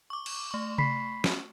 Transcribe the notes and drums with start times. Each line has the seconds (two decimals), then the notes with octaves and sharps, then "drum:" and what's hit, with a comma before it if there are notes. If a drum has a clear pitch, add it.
0.10 C#6 D6
0.26 drum: cymbal
0.51 A3 C#6
0.78 B5 B6 C7, drum: tom C3
1.24 drum: snare